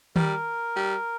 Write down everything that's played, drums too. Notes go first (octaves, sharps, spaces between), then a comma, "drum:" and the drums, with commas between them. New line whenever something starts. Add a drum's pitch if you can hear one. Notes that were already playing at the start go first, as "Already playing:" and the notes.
G3 A#4, drum: tom D#3
G3